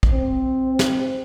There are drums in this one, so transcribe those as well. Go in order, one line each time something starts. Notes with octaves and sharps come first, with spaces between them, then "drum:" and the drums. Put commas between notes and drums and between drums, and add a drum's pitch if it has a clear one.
drum: kick
C4
drum: snare